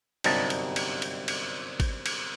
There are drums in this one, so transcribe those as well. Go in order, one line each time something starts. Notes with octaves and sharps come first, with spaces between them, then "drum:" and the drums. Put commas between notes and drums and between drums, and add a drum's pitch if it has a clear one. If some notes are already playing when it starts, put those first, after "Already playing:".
G1 F#2 C3 G3 D#4 A5, drum: cymbal
drum: cymbal
drum: cymbal
drum: cymbal
drum: cymbal
drum: kick G#1, cymbal
drum: cymbal